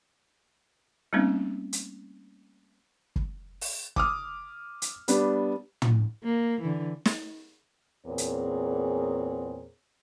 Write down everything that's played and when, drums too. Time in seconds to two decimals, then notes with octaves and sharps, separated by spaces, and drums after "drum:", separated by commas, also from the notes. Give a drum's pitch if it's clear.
1.13 G3 A3 A#3 C4 C#4 D#4
1.73 drum: hi-hat
3.16 drum: kick
3.61 drum: open hi-hat
3.96 D6 D#6 F6, drum: kick
4.82 drum: hi-hat
5.08 G3 B3 D4, drum: hi-hat
5.82 drum: tom
6.24 A#3
6.62 D3 E3
7.05 drum: snare
8.07 E2 A#2 C4 G#4 A#4 C#5
8.18 drum: hi-hat